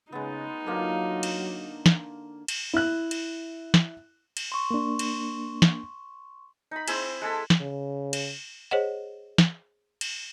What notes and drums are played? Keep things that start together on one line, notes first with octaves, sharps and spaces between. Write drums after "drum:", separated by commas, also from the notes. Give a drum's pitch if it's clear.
C#3 G#3 B3 D#4
D3 F#3 A#3 F4
drum: cymbal
drum: snare
drum: cymbal
E4 F#6
drum: cymbal
drum: snare
drum: cymbal
C6 C#6
A#3 D4
drum: cymbal
drum: snare
D#4 B5
C4 E4 G#4, drum: cymbal
G#3 A4 A5 B5
drum: snare
C#3
drum: cymbal
G#4 C5 C#5 D#5 F#5
drum: snare
drum: cymbal